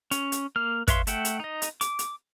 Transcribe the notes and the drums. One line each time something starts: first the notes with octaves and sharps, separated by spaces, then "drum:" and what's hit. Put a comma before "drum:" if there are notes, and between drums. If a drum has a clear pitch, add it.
C#4, drum: hi-hat
drum: hi-hat
A#3 F6
B4 C#5 E5 F5 C6, drum: kick, hi-hat
A3 E5 F#5 G5, drum: hi-hat
drum: hi-hat
D#4 D#5
drum: hi-hat
D6, drum: hi-hat
drum: hi-hat